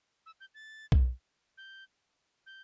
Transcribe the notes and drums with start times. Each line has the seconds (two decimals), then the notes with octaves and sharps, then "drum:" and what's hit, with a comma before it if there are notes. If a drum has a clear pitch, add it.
0.26 E6
0.41 G6
0.55 A6
0.92 drum: kick B1
1.58 G6
2.46 G6